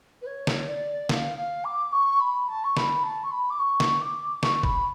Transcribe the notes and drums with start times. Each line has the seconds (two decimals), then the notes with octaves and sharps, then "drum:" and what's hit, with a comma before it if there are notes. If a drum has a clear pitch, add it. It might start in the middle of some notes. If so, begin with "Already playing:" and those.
0.22 B4
0.26 C#5
0.47 drum: snare
0.68 D5
1.09 F5, drum: snare
1.37 F5
1.65 D6
1.92 C#6
2.20 B5
2.48 A5
2.64 C#6
2.77 B5, drum: snare
3.04 A5
3.23 C#6
3.32 B5
3.50 D6
3.59 C#6
3.80 drum: snare
4.01 D6
4.43 C#6, drum: snare
4.63 B5, drum: kick F#1